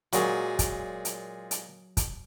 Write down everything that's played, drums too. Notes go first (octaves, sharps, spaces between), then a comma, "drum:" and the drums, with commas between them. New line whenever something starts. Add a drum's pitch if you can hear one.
A#2 F#3 G#3, drum: hi-hat
drum: kick, hi-hat
drum: hi-hat
drum: hi-hat
drum: kick, hi-hat